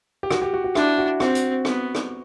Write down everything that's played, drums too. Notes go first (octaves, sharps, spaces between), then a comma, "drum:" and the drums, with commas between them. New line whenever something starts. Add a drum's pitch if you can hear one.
G4
F#4, drum: rim click
G4
F#4
F#4
D4 E4, drum: rim click
F#4
C4 F#4, drum: rim click
drum: hi-hat
B3, drum: rim click
drum: rim click